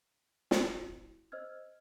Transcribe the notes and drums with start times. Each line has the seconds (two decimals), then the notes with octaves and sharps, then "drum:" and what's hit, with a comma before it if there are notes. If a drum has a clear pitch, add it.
0.51 E4 F#4, drum: snare
1.32 C5 D#5 E6 F6 G#6